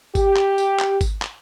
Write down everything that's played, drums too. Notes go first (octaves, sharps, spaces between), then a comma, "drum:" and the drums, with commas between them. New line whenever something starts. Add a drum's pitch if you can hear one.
G4, drum: kick G#1, tambourine
drum: clap
drum: tambourine
drum: clap
drum: kick G#1, tambourine
drum: clap